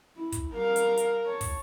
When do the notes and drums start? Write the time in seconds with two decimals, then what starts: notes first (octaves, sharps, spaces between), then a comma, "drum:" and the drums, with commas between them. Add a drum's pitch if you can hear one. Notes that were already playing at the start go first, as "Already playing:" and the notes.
0.16 E4
0.32 drum: kick, hi-hat
0.54 G3 A#4 F5
0.76 drum: hi-hat
0.97 drum: hi-hat
1.26 C#5 A5
1.41 drum: kick, open hi-hat